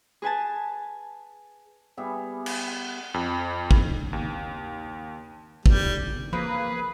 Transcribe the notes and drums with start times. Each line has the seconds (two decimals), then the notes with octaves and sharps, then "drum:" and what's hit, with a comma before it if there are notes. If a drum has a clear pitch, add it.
0.22 G#4 B4 G#5 A5
1.97 G3 B3 G#4 E5
2.46 drum: cymbal
3.14 F2
3.71 drum: kick
4.13 D#2
5.66 G3, drum: kick
6.33 F3 A#3 G#4 B4 B5